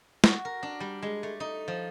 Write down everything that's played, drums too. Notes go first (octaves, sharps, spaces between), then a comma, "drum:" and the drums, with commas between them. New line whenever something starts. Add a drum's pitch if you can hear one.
F#4, drum: snare
A#4
D4
G3
G#3
A3
D#4
F3